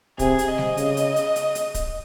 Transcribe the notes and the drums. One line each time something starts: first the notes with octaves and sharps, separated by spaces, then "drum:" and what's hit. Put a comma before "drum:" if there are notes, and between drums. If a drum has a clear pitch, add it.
C3 G#4, drum: kick, hi-hat
drum: hi-hat
D#5
drum: snare G3
C#3, drum: hi-hat
drum: hi-hat
drum: hi-hat
drum: hi-hat
drum: hi-hat
drum: kick, hi-hat